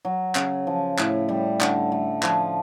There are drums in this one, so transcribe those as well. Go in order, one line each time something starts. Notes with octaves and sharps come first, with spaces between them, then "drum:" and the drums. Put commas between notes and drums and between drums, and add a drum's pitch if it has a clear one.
F#3
C#3, drum: clap
F3
A2, drum: clap
G3
D3, drum: clap
A3
F3, drum: clap